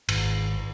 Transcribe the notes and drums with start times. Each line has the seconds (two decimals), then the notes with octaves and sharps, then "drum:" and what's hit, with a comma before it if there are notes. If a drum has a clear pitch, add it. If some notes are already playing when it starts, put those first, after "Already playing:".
0.09 G#1, drum: cymbal